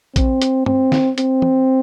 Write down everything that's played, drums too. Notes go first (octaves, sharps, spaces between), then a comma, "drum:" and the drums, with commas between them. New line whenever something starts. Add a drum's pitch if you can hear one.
C4, drum: kick, hi-hat
drum: hi-hat
C4, drum: tom
drum: snare
C4, drum: hi-hat
drum: tom